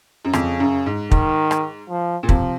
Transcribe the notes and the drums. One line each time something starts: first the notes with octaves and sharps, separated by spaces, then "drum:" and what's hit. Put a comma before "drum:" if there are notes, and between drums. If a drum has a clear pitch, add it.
F#2
F2 C#3, drum: rim click
F#2
G#2
D#3, drum: kick
drum: rim click
F3
A#2
C3 F3, drum: kick